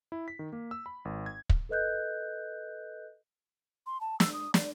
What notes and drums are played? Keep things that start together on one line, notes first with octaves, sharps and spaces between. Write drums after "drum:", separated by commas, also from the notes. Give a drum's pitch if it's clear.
E4
B6
D#3
A#3
E6
B5
G#1
G#6
drum: kick
A4 B4 D#5 F#6 G6
C6
A5
E6, drum: snare
D#6
D5, drum: snare